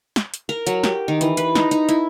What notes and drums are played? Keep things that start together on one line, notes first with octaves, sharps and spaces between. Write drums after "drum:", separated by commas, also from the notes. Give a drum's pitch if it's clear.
drum: snare
drum: hi-hat
A#4
F#3, drum: hi-hat
G4, drum: snare
D#3
E3, drum: hi-hat
B4, drum: hi-hat
D#4, drum: snare
D#4, drum: hi-hat
E4, drum: hi-hat